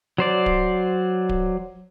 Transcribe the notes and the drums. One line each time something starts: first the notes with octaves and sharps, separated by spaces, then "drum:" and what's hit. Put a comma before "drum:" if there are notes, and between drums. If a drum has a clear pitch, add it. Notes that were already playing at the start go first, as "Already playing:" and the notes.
F#3 C5 D5
drum: kick D1
drum: kick D1